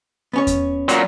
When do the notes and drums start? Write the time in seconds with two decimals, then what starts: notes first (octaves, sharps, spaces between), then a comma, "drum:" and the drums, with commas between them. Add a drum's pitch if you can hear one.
0.33 B3 C#4 C#5
0.47 drum: kick E2, hi-hat
0.89 A#2 F#3, drum: hi-hat